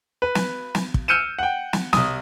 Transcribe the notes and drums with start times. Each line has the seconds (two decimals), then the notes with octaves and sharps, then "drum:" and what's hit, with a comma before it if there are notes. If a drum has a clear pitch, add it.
0.22 B4
0.35 drum: snare
0.75 drum: snare
0.94 drum: kick
1.08 E6 F6 G6 C#7 D#7 E7
1.39 F#5 G5
1.73 drum: snare
1.93 C2 D#6, drum: snare